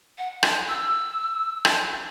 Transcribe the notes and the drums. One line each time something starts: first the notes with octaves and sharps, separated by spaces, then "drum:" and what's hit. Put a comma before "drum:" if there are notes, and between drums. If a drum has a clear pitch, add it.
F#5
drum: rim click
E6
drum: rim click